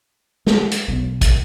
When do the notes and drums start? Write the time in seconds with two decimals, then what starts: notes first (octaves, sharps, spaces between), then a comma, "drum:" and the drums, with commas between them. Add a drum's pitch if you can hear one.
0.47 G#3, drum: snare
0.71 drum: hi-hat
0.88 B1
1.21 drum: kick, hi-hat